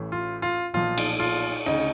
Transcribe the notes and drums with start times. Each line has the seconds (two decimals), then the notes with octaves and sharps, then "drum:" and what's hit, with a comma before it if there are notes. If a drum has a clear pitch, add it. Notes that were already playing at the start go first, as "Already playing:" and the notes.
Already playing: A1 A2 E3
0.12 F4
0.42 F4
0.74 B1 A#2 F3 F4
0.98 drum: cymbal
1.20 F4
1.66 D2 C#3 D#4